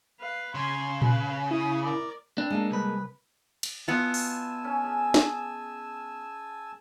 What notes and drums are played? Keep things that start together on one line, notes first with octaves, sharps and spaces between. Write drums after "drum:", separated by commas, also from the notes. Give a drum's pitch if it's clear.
B4 F5
C#3 G#5 C6
B4 B5, drum: tom A#2
E4 D#6
A#4 D5
C4 D4 B4
G#3 A#3 A4
C2 B4
drum: cymbal
B3 F4 D#5 G#5 A5 C6 E6
drum: open hi-hat
C#4 A4
G#4
drum: snare